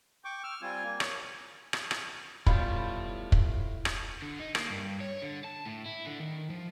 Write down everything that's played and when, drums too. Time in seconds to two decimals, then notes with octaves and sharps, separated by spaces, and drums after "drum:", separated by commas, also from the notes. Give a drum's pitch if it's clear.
0.25 G5 C#6 D6
0.44 E6 F6
0.62 G3 C4 F4 G#5
0.84 A#3
1.00 C#5, drum: rim click
1.73 drum: rim click
1.91 drum: rim click
2.46 B2 F#3 G3 E4 F4 A4 B5, drum: kick
3.32 drum: kick
3.85 drum: rim click
4.22 D3
4.40 D#4
4.55 A#3, drum: rim click
4.70 G2
5.00 C#5
5.22 D3
5.44 A5
5.65 A2
5.86 E4
6.06 D3
6.20 D#3
6.50 F3